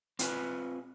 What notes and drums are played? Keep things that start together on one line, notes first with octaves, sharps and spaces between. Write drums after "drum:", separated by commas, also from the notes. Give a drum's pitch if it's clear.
C4 F4 B4 G#5, drum: hi-hat